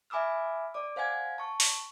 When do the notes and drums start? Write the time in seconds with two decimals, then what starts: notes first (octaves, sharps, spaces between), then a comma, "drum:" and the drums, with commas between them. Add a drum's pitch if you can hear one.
0.10 E5 G#5 B5 D6 E6 F6
0.74 D5 D6
0.96 C5 F5 F#5 G#5 G#6
1.38 A5 C#6
1.60 drum: open hi-hat